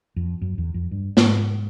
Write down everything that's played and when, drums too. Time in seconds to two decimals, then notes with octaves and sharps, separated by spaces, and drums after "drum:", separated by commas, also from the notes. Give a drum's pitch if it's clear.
0.16 F2
0.41 F#2
0.58 E2
0.74 F2
0.91 G2
1.17 G#2, drum: snare